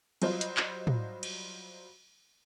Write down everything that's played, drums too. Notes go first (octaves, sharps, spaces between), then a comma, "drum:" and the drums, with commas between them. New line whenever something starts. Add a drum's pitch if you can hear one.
F#3 G3 F4 C5 D#5, drum: cymbal
drum: hi-hat
drum: clap
drum: tom
drum: cymbal